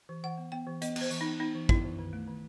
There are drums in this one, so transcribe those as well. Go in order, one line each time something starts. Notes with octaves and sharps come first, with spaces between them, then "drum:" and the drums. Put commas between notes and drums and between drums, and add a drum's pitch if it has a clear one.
E3
E3 F#5
B3
B3 G5
E3
B3 D#5, drum: hi-hat
B3, drum: cymbal
C5
E3, drum: tambourine
D#4
B3
B3 D#4
E3
B3 E4, drum: kick
E3
D#3
A3
D#3